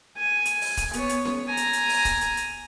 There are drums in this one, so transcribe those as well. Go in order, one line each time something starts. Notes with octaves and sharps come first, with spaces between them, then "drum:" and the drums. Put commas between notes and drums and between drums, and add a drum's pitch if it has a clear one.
G#5
drum: hi-hat
drum: open hi-hat
drum: kick, hi-hat
B3 C#5, drum: hi-hat
drum: hi-hat
drum: snare C#4
G#5 A#5
drum: hi-hat
drum: hi-hat
drum: open hi-hat
drum: kick, hi-hat
drum: hi-hat
drum: hi-hat